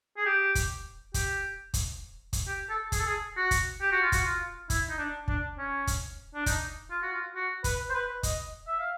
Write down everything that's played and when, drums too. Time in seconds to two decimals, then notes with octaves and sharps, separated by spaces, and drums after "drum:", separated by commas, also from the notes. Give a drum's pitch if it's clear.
0.17 G#4
0.25 G4
0.55 drum: kick, hi-hat
1.14 G4, drum: kick, hi-hat
1.74 drum: kick, hi-hat
2.33 drum: kick, hi-hat
2.47 G4
2.70 A4
2.92 G#4, drum: kick, hi-hat
2.99 A4
3.06 G#4
3.37 F#4
3.51 drum: kick, hi-hat
3.81 G4
3.92 F#4
4.02 F4
4.12 F#4, drum: kick, hi-hat
4.25 F4
4.70 E4, drum: kick, hi-hat
4.89 D#4
4.98 D4
5.28 D4, drum: kick
5.58 C#4
5.87 drum: kick, hi-hat
6.35 D4
6.46 D#4, drum: kick, hi-hat
6.90 F4
7.02 F#4
7.13 F4
7.36 F#4
7.64 B4, drum: kick, hi-hat
7.90 C5
7.94 B4
8.23 D#5, drum: kick, hi-hat
8.68 E5
8.80 F5